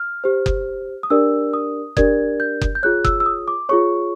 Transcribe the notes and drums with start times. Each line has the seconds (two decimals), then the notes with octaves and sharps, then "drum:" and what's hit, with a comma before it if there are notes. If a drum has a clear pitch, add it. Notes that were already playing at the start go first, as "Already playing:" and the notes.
Already playing: F6
0.24 G4 C5
0.46 drum: kick F#1
1.03 D#6
1.10 D4 G4 A#4 D5 E6
1.54 D#6
1.97 D4 G4 A#4 D5 G#6, drum: kick F#1
2.40 G6
2.61 drum: kick F#1
2.75 G6
2.83 F4 G#4 C#5 F#6
3.04 E6, drum: kick F#1
3.20 E6
3.26 D#6
3.48 D6
3.69 F4 G#4 C#5 C#6